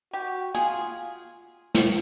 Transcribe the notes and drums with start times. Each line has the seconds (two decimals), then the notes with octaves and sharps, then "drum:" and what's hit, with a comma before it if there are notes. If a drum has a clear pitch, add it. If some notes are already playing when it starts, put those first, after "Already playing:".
0.13 F#4 G4
0.55 F4 G#4, drum: hi-hat
1.75 drum: snare